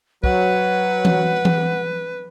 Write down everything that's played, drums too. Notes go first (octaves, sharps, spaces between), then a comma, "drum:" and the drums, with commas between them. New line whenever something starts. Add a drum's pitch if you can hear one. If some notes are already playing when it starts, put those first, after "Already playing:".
F#3 B4 F#5, drum: kick
drum: tom E3
drum: tom E3